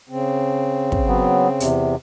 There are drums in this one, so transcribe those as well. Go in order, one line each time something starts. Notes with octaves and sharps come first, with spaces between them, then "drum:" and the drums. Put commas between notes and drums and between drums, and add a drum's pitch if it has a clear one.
C#3 C4
drum: kick
F#3 B3
E2 C3, drum: hi-hat